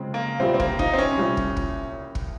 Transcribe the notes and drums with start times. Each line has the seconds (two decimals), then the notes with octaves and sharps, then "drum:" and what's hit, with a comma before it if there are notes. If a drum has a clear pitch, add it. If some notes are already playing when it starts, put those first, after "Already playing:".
Already playing: C#3 G#3 C4
0.14 A#3
0.39 C2 A#2 G3 C4
0.54 C4
0.60 A#3, drum: kick
0.79 D#4, drum: kick
0.94 C4
0.98 C#4
1.17 C2 A#2 G3
1.37 drum: kick
1.57 drum: kick
2.15 drum: kick